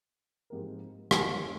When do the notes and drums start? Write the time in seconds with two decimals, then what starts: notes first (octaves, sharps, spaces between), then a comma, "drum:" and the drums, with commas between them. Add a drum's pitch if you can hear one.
0.50 G#2 F3 C4 G4 A#4
1.11 drum: rim click
1.31 F2 D#3 G3 C#4